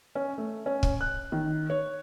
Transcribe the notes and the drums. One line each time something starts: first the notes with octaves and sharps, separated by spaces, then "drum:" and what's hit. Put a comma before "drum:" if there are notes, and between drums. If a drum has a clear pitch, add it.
C#4
A3
C#4
drum: kick
F#6
D#3
C#5